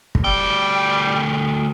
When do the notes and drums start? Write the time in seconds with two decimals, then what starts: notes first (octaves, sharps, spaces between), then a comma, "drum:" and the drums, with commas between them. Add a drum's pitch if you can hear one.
0.15 drum: kick
0.24 D2 G3 G5